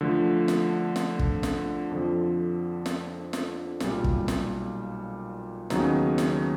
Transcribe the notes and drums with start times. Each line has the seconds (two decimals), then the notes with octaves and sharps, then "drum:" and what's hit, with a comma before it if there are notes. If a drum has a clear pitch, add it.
0.01 D3 F3 A3
0.48 drum: snare
0.96 drum: snare
1.19 drum: kick
1.43 drum: snare
1.91 F2 D3 F3
2.86 drum: snare
3.33 drum: snare
3.80 B1 A#2 G3, drum: snare
4.04 drum: kick
4.28 drum: snare
5.70 D#2 C#3 F#3 B3 D#4, drum: snare
6.18 drum: snare